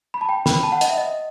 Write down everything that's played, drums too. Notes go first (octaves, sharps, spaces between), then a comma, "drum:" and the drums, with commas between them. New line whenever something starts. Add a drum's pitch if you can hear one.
B5
A5
G5
B5, drum: snare
A5
F#5
D#5, drum: hi-hat
E5
D#5